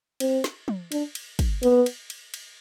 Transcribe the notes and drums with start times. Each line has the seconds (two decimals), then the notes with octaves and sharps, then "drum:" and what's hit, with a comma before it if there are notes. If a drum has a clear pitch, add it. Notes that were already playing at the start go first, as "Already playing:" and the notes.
0.20 C4, drum: cymbal
0.44 drum: snare
0.68 drum: tom
0.92 D4, drum: cymbal
1.15 drum: cymbal
1.39 drum: kick, cymbal
1.63 B3, drum: cymbal
1.86 drum: cymbal
2.10 drum: cymbal
2.34 drum: cymbal